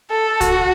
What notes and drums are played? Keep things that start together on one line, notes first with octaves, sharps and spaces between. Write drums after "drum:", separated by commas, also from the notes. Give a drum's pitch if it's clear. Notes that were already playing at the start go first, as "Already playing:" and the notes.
A4
F#4, drum: kick C2, hi-hat